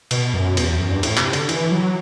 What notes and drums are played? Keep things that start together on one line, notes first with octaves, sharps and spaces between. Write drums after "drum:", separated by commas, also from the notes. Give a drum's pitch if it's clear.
B2, drum: cymbal
F#2
E2, drum: cymbal
E2
F#2
G2
A2, drum: cymbal
C3, drum: clap
D3, drum: cymbal
E3, drum: cymbal
F#3